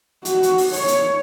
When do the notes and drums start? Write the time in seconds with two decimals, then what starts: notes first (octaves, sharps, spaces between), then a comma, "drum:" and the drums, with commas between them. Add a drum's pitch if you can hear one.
0.25 F#4, drum: hi-hat
0.43 drum: hi-hat
0.58 drum: open hi-hat
0.73 C#5, drum: open hi-hat
0.88 drum: hi-hat